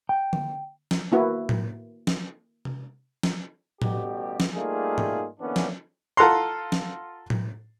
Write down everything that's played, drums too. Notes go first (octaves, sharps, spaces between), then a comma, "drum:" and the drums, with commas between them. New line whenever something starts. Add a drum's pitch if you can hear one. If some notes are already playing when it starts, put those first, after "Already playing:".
G5
drum: tom D3
drum: snare
A#3 E4 F#4 B4
drum: tom A2
drum: snare
drum: tom C3
drum: snare
A1 B2 G3 G4, drum: tom A2
drum: snare
G3 A3 A#3 D#4 F4 G#4
drum: tom
D3 E3 A#3 B3 C#4 D4
drum: snare
F4 A4 F#5 A#5 C6
drum: snare
drum: tom A2